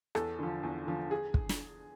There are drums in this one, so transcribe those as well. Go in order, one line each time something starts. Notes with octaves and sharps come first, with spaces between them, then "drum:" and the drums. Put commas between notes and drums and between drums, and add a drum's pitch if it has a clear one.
E2 A4, drum: rim click
D3 F3
E2
D3 F3
G#4
drum: kick
drum: snare